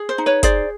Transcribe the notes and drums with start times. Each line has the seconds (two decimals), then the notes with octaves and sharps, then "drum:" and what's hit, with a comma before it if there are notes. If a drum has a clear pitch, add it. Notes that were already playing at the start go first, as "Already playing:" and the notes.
Already playing: G#4
0.09 C5
0.18 D#4
0.26 B4 C#5
0.43 G#4 C5 D5, drum: kick, hi-hat